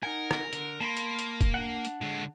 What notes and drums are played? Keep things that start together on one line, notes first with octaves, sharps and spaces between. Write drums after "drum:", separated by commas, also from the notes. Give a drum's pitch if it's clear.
D#4 A#4 F#5 G#5
drum: rim click
D3, drum: hi-hat
A#3 A5 B5 C6
drum: hi-hat
drum: hi-hat
drum: kick, hi-hat
D4 F#5
drum: hi-hat
D3 G#3